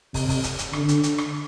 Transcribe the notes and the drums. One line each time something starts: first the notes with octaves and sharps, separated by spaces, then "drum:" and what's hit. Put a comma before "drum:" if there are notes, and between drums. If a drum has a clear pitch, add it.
C3, drum: kick, open hi-hat
drum: kick, open hi-hat
drum: hi-hat
drum: hi-hat
D3, drum: rim click
drum: hi-hat
drum: hi-hat
drum: rim click